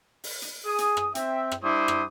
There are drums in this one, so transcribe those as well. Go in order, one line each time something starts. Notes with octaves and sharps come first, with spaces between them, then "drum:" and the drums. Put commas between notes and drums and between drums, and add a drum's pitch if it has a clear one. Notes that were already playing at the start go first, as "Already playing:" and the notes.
drum: open hi-hat
drum: hi-hat
G#4 D#6
drum: hi-hat
drum: rim click
C4 E5 G5, drum: hi-hat
drum: rim click
G3 D4 E4 C5 D6 D#6
drum: rim click